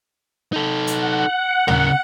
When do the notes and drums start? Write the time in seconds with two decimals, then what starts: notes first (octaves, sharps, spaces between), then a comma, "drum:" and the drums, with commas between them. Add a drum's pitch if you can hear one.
0.53 D#4 A4
0.87 F#5, drum: hi-hat
1.68 C#3 A#4, drum: tom